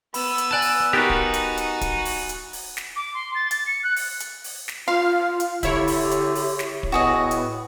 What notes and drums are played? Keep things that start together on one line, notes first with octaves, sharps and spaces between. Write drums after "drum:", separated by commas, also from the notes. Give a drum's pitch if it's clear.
B3 B5 E6, drum: open hi-hat
drum: hi-hat
D5 G#5 A5 F#6 A6
drum: open hi-hat
B3 D#4 F#4 G4 A#4
drum: kick
drum: hi-hat
drum: hi-hat
drum: kick, hi-hat
drum: open hi-hat
drum: hi-hat
drum: open hi-hat
drum: snare
D6
C6
A6
A6, drum: hi-hat
C#7
F#6
drum: open hi-hat
drum: hi-hat
drum: open hi-hat
drum: snare
F4 F5 C6
drum: hi-hat
D3 E4 G4 C#5, drum: kick, hi-hat
drum: open hi-hat
drum: hi-hat
drum: open hi-hat
drum: snare
drum: kick
A2 B3 F#4 G#4 D#5
drum: hi-hat